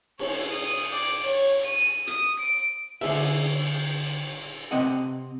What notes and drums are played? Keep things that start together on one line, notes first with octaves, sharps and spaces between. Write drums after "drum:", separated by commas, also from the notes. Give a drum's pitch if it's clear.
C#5, drum: cymbal
D#6
D5
C#5
D#7
D#6, drum: hi-hat
D7
D3 G#4 E5, drum: cymbal
C3 C4 D#5 F#5